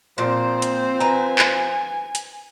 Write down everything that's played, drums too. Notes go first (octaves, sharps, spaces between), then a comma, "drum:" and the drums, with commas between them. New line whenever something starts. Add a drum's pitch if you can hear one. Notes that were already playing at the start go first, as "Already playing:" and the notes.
A#2 F3 C4 C5
drum: hi-hat
B4 G#5 A#5
drum: clap
drum: hi-hat